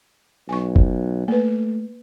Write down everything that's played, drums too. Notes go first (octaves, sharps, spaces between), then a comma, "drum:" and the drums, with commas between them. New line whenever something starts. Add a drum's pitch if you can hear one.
B1 G#5 C#6
drum: kick F#1
A3 A#3 B4